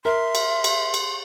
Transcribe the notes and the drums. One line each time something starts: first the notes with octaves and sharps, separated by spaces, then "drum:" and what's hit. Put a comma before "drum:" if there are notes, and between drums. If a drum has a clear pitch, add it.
A#4 E5 C6
drum: cymbal
drum: cymbal
drum: cymbal